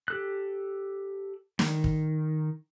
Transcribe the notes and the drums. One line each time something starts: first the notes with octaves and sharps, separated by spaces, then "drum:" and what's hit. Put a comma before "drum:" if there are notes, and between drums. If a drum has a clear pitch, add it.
G4 A4 F#6
D#3, drum: snare
drum: kick